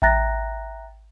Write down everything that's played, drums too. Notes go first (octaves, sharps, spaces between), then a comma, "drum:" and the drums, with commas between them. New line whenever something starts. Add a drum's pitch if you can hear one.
E5 G5 A#5 F#6 A6 A#6, drum: kick A1